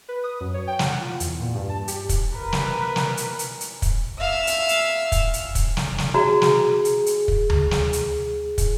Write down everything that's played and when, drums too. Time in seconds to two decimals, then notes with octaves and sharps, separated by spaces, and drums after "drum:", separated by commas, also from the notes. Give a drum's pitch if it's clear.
0.09 B4
0.24 D#6
0.41 F#2
0.54 C#5
0.67 G5
0.79 F#5, drum: snare
1.00 F4
1.20 E2, drum: hi-hat
1.40 A#2
1.55 G2
1.69 A5
1.88 G4, drum: hi-hat
2.09 drum: kick, hi-hat
2.34 A#4 B4
2.53 drum: snare
2.96 drum: snare
3.17 drum: hi-hat
3.39 drum: hi-hat
3.61 drum: hi-hat
3.82 drum: kick, hi-hat
4.19 E5 F5 E6
4.47 drum: hi-hat
4.69 drum: hi-hat
5.12 drum: kick, hi-hat
5.33 drum: hi-hat
5.55 drum: kick, hi-hat
5.77 drum: snare
5.98 drum: snare
6.14 F#4 G#4 A#5
6.42 drum: snare
6.85 drum: hi-hat
7.06 drum: hi-hat
7.28 drum: kick
7.50 drum: tom D2
7.71 drum: snare
7.93 drum: hi-hat
8.58 drum: kick, hi-hat